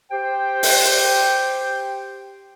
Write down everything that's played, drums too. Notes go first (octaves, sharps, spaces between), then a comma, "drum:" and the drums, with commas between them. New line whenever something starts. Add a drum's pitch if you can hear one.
G4 C5 G5
drum: open hi-hat